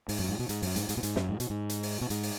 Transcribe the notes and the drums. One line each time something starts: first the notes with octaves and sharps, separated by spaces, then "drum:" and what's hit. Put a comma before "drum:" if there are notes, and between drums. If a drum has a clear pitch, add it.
G#2, drum: open hi-hat
F#2
G#2
B2
G#2, drum: hi-hat
F#2, drum: open hi-hat
G#2, drum: hi-hat
G#2, drum: hi-hat
B2
G#2, drum: hi-hat
F#2, drum: snare
G#2
B2, drum: hi-hat
G#2
drum: hi-hat
drum: open hi-hat
B2
G#2, drum: hi-hat
drum: open hi-hat